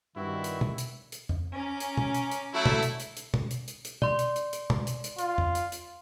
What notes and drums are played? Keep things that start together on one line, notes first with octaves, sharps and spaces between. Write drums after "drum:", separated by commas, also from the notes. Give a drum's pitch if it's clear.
G2 D#3 C4 E4 F#4
drum: hi-hat
drum: tom B2
drum: hi-hat
drum: hi-hat
drum: tom F2
C#4 A#5 D6
drum: hi-hat
drum: tom B2
drum: hi-hat
drum: hi-hat
F#3 A3 E4
drum: tom
drum: hi-hat
drum: hi-hat
drum: hi-hat
drum: tom
drum: hi-hat
drum: hi-hat
drum: hi-hat
D5 C6, drum: tom B2
drum: hi-hat
drum: hi-hat
drum: hi-hat
drum: tom
drum: hi-hat
drum: hi-hat
F4, drum: hi-hat
drum: tom F2
drum: hi-hat
drum: hi-hat